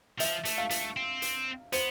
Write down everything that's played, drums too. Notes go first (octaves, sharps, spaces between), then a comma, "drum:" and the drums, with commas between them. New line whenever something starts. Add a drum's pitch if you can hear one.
F3 E5, drum: hi-hat
A3, drum: hi-hat
F5
A3, drum: hi-hat
C4
drum: hi-hat
B3 C5, drum: hi-hat